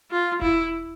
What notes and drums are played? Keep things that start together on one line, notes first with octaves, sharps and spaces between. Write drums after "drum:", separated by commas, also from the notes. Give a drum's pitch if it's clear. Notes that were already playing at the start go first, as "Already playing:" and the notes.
F4
E4, drum: kick E1